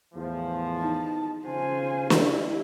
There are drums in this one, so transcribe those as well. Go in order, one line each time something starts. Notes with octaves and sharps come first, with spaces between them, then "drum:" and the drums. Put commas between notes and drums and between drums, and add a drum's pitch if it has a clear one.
E2 A2 F3
D#4 A5
C#3 F4 C5 G#5
E4 G4, drum: snare